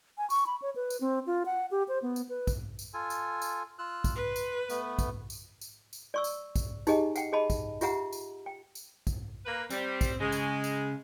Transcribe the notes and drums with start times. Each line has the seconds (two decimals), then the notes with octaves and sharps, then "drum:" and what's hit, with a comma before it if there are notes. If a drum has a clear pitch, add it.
0.18 G#5
0.30 C#6, drum: tambourine
0.46 B5
0.62 C#5
0.76 B4
0.90 drum: tambourine
1.01 C4
1.27 F4
1.46 F#5
1.71 G4
1.88 C5
2.02 B3
2.16 drum: tambourine
2.29 B4
2.47 drum: kick, tambourine
2.79 drum: tambourine
2.94 F4 A4 G#5
3.10 drum: tambourine
3.42 drum: tambourine
3.79 F4 E6 F#6
4.04 drum: kick, tambourine
4.15 B4 C6
4.36 drum: tambourine
4.70 A3 B3, drum: tambourine
4.99 drum: kick, tambourine
5.30 drum: tambourine
5.61 drum: tambourine
5.93 drum: tambourine
6.14 D5 C#6 E6
6.24 drum: tambourine
6.56 drum: kick, tambourine
6.87 D#4 G4 G#4 D#5 G#5 A#5, drum: tambourine
7.16 F#5 G5, drum: tambourine
7.33 G#4 D#5 A5 B5
7.50 drum: kick, tambourine
7.81 F4 G4 E5 F#5 A#5, drum: tambourine
8.13 drum: tambourine
8.46 G5
8.75 drum: tambourine
9.07 drum: kick, tambourine
9.46 A#3 B4
9.70 G3 C4, drum: tambourine
10.01 drum: kick, tambourine
10.20 C#3 G#3
10.32 drum: tambourine
10.64 drum: tambourine